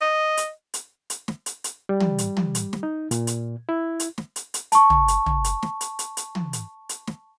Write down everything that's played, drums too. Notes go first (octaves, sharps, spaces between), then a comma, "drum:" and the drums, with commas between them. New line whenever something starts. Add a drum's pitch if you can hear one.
D#5
drum: hi-hat
drum: hi-hat
drum: hi-hat
drum: snare
drum: hi-hat
drum: hi-hat
G3
drum: tom
drum: hi-hat
drum: tom
drum: hi-hat
drum: snare
D#4
A#2, drum: hi-hat
drum: hi-hat
E4
drum: hi-hat
drum: snare
drum: hi-hat
drum: hi-hat
A5 C#6, drum: hi-hat
drum: tom
drum: hi-hat
drum: tom
drum: hi-hat
drum: snare
drum: hi-hat
drum: hi-hat
drum: hi-hat
drum: tom
drum: hi-hat
drum: hi-hat
drum: snare